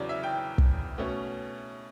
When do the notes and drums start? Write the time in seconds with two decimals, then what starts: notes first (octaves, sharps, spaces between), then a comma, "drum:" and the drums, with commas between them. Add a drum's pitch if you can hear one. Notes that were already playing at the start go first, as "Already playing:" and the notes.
Already playing: E2 C#3 F#3 C#5 D5
0.09 E5
0.23 G5
0.58 drum: kick
0.98 B2 A3 C#4